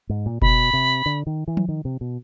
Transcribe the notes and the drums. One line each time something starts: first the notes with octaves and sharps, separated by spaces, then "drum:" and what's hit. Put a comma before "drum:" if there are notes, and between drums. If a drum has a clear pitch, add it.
G#2
A#2
B2 B5, drum: kick F1
C3
D3
D#3
E3
drum: tom F3
D#3
C3
B2